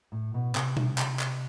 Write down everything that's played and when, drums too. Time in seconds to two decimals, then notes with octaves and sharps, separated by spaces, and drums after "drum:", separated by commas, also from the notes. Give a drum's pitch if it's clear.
0.12 A2
0.34 B2
0.55 C3, drum: clap
0.77 drum: tom B2
0.98 drum: clap
1.19 drum: clap